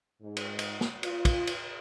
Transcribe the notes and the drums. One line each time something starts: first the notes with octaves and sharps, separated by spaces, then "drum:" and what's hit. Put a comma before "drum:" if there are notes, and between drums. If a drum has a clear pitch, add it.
G#2
drum: cymbal
drum: cymbal
drum: snare
F4, drum: cymbal
drum: kick, cymbal
drum: cymbal